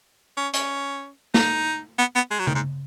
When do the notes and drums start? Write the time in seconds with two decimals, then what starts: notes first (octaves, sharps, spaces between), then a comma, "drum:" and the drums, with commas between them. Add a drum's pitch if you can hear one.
0.37 C#4
0.54 C#4, drum: hi-hat
1.34 D#4, drum: snare
1.99 B3
2.15 B3
2.31 G#3
2.39 F#3
2.47 D#3, drum: tom C#3
2.55 G#2